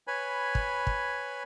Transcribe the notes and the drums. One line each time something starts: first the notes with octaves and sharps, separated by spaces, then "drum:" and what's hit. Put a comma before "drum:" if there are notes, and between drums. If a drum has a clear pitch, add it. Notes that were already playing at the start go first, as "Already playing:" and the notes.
B4 C#5 G#5 B5
drum: kick
drum: kick